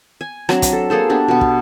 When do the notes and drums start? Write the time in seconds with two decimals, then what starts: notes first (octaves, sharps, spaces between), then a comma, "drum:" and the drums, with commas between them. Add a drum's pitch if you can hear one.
0.21 G#5
0.49 F#3 C4 D4, drum: rim click
0.62 drum: kick, hi-hat
0.73 A4
0.90 A#3 G#4 A4 C5
1.10 B3 D4 G4
1.28 B2 B3
1.41 drum: kick